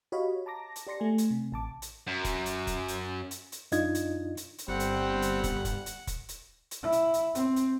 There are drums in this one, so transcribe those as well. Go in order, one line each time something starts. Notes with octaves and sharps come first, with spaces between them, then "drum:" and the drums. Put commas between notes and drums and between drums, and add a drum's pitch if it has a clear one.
F#4 G4 C#5 D#5 F5 B5
A5 A#5 D6 A#6
drum: hi-hat
G4 D5 C6 A#6 C#7
A3 G#5
drum: hi-hat
C3
A1 A5 D6
drum: hi-hat
F#2
drum: kick, hi-hat
drum: hi-hat
drum: kick, hi-hat
drum: hi-hat
drum: hi-hat
drum: hi-hat
F#2 D4 D#4 F4 D#5 G#6, drum: hi-hat
drum: hi-hat
drum: hi-hat
drum: hi-hat
G1 G3 C4 F#5
drum: hi-hat
drum: hi-hat
drum: kick, hi-hat
drum: kick, hi-hat
drum: hi-hat
drum: kick, hi-hat
drum: hi-hat
drum: hi-hat
E4
drum: hi-hat
drum: hi-hat
C4, drum: hi-hat
drum: hi-hat